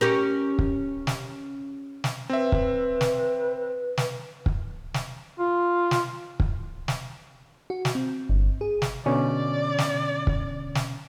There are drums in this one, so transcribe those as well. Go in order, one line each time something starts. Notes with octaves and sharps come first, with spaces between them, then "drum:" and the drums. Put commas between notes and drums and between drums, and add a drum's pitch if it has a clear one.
C#4 G4 A#4
drum: kick
drum: snare
drum: snare
C4 B4 E5
drum: kick
drum: snare
drum: snare
drum: kick
drum: snare
F4
drum: snare
drum: kick
drum: snare
F#4
drum: snare
C4
G1
G#4
drum: snare
B2 D3 C#4 D5
drum: snare
drum: kick
drum: snare